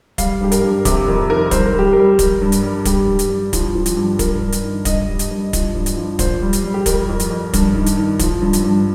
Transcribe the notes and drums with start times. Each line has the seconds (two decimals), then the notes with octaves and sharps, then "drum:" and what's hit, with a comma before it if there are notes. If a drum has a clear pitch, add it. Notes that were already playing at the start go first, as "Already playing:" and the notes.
0.18 G3 F5, drum: kick, hi-hat
0.41 G2 G4
0.52 A#4, drum: hi-hat
0.63 G2
0.85 C3 G4, drum: kick, hi-hat
1.07 F2 A#4
1.29 D#3 A#4
1.51 G3 C5, drum: kick, hi-hat
1.65 A#4
1.74 G3
1.79 G4
1.93 G3 A#4
2.19 G3, drum: kick, hi-hat
2.42 G2
2.52 drum: hi-hat
2.63 G3
2.85 G2 G4, drum: kick, hi-hat
3.07 G2
3.19 drum: hi-hat
3.29 G2
3.53 F3, drum: kick, hi-hat
3.75 F3
3.86 drum: hi-hat
3.97 G2
4.19 G2 A#4, drum: kick, hi-hat
4.41 G2
4.52 drum: hi-hat
4.64 D#3
4.85 G2 D#5, drum: kick, hi-hat
5.08 G3
5.19 drum: hi-hat
5.31 G2
5.53 F3, drum: kick, hi-hat
5.75 G2
5.86 drum: hi-hat
5.97 F3
6.19 A#2 C5, drum: kick, hi-hat
6.42 G3
6.53 drum: hi-hat
6.64 G3
6.74 G4
6.86 F2 A#4, drum: kick, hi-hat
7.09 F2
7.20 drum: hi-hat
7.30 F2
7.53 G2, drum: kick, hi-hat
7.75 D#3
7.86 drum: hi-hat
7.97 D#3
8.19 F3, drum: kick, hi-hat
8.42 G2
8.53 drum: hi-hat
8.64 G2